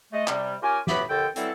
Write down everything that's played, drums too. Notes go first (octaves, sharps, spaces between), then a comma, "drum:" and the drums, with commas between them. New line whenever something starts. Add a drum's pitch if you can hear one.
G#3 A3 D#5
C3 G3, drum: clap
C#4 F4 G4 A#4 G#5
A2 A3 B3 G4 B4 B5, drum: snare
D#2 D3 A4 G5
E3 F#3 G3 C4 E4 A4, drum: hi-hat